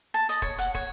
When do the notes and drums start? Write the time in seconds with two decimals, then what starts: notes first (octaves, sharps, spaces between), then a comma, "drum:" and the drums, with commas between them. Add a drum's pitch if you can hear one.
0.14 A5
0.29 D#5, drum: hi-hat
0.42 C#5, drum: kick
0.58 F#5, drum: hi-hat
0.74 C#5, drum: kick